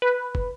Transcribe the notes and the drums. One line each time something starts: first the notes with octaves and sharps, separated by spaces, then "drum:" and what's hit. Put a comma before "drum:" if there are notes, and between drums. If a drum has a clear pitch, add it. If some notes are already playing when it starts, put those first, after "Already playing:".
B4
drum: kick